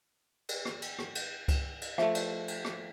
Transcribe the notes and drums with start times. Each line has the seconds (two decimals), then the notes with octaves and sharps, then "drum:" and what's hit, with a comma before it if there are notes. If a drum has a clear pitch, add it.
0.49 drum: cymbal
0.65 drum: rim click
0.82 drum: cymbal
0.99 drum: rim click
1.15 drum: cymbal
1.48 drum: kick C#2, cymbal
1.82 drum: cymbal
1.98 F3 A3 E5, drum: rim click
2.15 drum: cymbal
2.48 drum: cymbal
2.65 drum: rim click